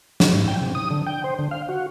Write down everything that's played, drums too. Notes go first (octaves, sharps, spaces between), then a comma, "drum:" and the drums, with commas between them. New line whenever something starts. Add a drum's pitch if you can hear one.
D#3, drum: snare
G#2
G5
C3
D#6
D3
G5
C5
D3
F5
F#4